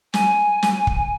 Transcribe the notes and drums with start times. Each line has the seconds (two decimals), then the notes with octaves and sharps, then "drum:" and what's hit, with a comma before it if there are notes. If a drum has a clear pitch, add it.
0.14 G#5, drum: snare
0.63 drum: snare
0.87 drum: kick